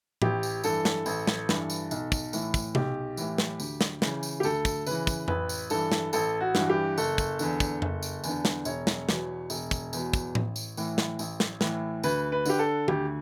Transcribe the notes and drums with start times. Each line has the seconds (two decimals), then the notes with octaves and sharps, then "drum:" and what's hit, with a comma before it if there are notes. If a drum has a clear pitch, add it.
0.22 A1 G4, drum: tom A2
0.43 drum: tambourine
0.64 G2 E3 A4, drum: tambourine
0.85 drum: snare
1.06 A1, drum: tambourine
1.27 drum: snare
1.49 G2 E3, drum: snare
1.70 drum: tambourine
1.91 B1, drum: tambourine
2.12 drum: kick, tambourine
2.33 A2 E3, drum: tambourine
2.54 drum: kick, tambourine
2.75 B1 G4, drum: tom C3
3.17 A2 E3, drum: tambourine
3.38 drum: snare
3.60 D2, drum: tambourine
3.81 drum: snare
4.02 C#3 E3, drum: snare
4.23 drum: tambourine
4.40 G4
4.43 D2 A4, drum: tambourine
4.65 drum: kick, tambourine
4.86 C#3 E3 B4, drum: tambourine
5.07 drum: kick, tambourine
5.28 A1 B4, drum: tom F2
5.49 drum: tambourine
5.70 G2 E3 A4, drum: tambourine
5.92 drum: snare
6.13 A1 A4, drum: tambourine
6.41 F#4
6.55 G2 E3, drum: snare
6.70 G4
6.98 F#1 A4, drum: tambourine
7.18 drum: kick, tambourine
7.39 E2 D3, drum: tambourine
7.60 drum: kick, tambourine
7.82 F#1, drum: tom F2
8.03 drum: tambourine
8.24 E2 D3, drum: tambourine
8.45 drum: snare
8.65 E1 C#5, drum: tambourine
8.87 drum: snare
9.09 E2 B2, drum: snare
9.50 E1, drum: tambourine
9.71 drum: kick, tambourine
9.93 E2 B2, drum: tambourine
10.13 drum: kick, tambourine
10.35 A1, drum: tom A2
10.56 drum: tambourine
10.77 A2 E3, drum: tambourine
10.98 drum: snare
11.19 A1, drum: tambourine
11.40 drum: snare
11.61 A2 E3, drum: snare
12.03 D2 B4, drum: tambourine
12.32 B4
12.46 D3 G4, drum: tambourine
12.59 A4
12.88 D2 G4, drum: tom D#3